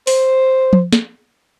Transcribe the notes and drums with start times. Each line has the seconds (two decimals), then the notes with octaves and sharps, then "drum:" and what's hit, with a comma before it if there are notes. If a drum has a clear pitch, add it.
0.07 C5, drum: open hi-hat
0.73 drum: tom F3
0.93 drum: snare